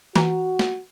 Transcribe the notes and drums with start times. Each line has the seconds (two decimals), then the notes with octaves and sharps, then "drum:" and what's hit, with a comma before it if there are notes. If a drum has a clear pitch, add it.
0.15 E3 F#4 A#5, drum: snare
0.59 drum: snare